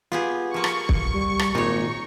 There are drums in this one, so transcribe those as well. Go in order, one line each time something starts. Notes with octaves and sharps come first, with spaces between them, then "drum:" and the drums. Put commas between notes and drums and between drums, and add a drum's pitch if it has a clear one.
B3 F4 G4 G#4
F3 A#3 C#6
drum: rim click
drum: kick
G3
drum: rim click
G#1 A#2 D#4 C#5